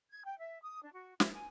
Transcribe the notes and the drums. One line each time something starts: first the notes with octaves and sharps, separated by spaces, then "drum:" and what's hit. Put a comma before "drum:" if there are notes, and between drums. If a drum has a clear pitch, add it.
G#6
G5
E5
D#6
D4
F#4
E4, drum: snare
G#5